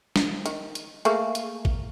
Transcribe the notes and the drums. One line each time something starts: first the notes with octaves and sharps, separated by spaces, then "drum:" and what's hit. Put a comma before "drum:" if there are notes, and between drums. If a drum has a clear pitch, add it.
drum: snare
D#3, drum: hi-hat
drum: hi-hat
A3 A#3 G#4, drum: hi-hat
drum: hi-hat
drum: kick